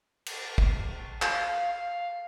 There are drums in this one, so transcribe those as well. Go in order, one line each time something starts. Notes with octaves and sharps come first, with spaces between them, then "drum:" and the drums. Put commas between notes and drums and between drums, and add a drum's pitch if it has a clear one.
drum: cymbal
drum: kick
F5, drum: clap
F5